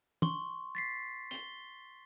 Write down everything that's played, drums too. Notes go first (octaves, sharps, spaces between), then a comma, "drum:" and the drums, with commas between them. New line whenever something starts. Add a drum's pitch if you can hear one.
C6 C#6, drum: tom
A6 B6 C7
G7, drum: hi-hat